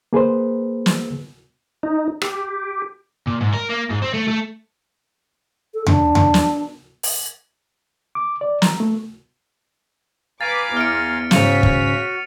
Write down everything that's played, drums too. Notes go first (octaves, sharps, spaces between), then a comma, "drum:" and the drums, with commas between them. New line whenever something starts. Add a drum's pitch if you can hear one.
A#3 G#4 B4 C5
drum: snare
D#4
G4, drum: rim click
A#2
G#2
A#4
A#3
G#2
C4
A3
A3
A4
D4, drum: tom E2
drum: tom E2
drum: snare
drum: open hi-hat
D6
D5
A#5, drum: snare
A3
B4 F5 G#5 A#5 D6 A6 D7
E2 F6 C#7 D7
G#2 C#3 F#4 C#5 B6 C#7 D#7 F7, drum: snare
drum: kick